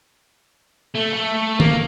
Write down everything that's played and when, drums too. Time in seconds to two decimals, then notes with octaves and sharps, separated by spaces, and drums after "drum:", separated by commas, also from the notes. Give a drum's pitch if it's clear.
0.95 A3
1.13 A3
1.60 A#3, drum: tom D#3